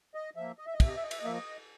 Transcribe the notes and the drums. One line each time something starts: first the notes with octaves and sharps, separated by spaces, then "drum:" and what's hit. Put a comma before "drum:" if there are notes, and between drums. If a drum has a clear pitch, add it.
D#5
F3 A#3 E5
D#5
E5
D#5
C3 E5, drum: kick, cymbal
D#5
E5
D#5
E5, drum: cymbal
D#5
F3 A#3 E5
D#5